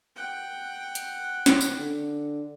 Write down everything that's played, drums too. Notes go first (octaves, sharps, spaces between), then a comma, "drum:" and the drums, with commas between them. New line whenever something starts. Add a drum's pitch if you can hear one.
F#5 G5
drum: hi-hat
drum: snare
drum: tambourine
D3